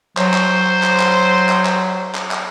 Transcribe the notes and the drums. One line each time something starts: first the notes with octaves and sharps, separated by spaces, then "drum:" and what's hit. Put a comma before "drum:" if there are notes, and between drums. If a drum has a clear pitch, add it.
F#3 C5, drum: clap
drum: clap
drum: clap
drum: clap
drum: clap
drum: clap
drum: clap
drum: clap